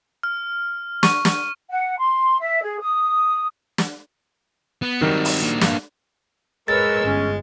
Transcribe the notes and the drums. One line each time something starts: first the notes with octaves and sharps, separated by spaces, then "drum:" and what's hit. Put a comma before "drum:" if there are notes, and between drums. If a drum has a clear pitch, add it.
F6
C#6, drum: snare
drum: snare
F#5
C6
E5
G#4
D#6
drum: snare
B3
D#3 F#3 G3 C4 D#4
drum: open hi-hat
A#3 D4
G2, drum: snare
G#3 A#4 B4 C#5 E6 A6
G1 C#4